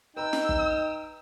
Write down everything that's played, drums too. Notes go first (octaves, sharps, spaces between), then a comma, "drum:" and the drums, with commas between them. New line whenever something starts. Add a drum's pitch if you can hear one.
D#4 B4 G5 A#5 E6
drum: snare
drum: kick